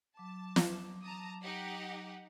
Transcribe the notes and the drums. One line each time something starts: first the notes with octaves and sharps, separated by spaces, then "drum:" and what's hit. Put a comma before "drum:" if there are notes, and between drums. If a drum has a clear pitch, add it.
F#3 A5 D6
drum: snare
A5 A#5 D#6
D#4 G4 F#5